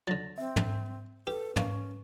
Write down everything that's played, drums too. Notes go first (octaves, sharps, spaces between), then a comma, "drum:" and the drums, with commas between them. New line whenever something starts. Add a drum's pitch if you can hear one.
D3 F#3 A6 A#6
C4 E5
drum: tom
G4 A4 B4
A#3 C#4, drum: tom